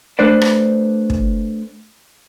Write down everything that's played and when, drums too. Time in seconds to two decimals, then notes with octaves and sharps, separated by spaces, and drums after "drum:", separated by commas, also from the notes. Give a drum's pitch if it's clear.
0.19 A3 D4 B4 C5 D5
0.41 drum: rim click
1.10 drum: kick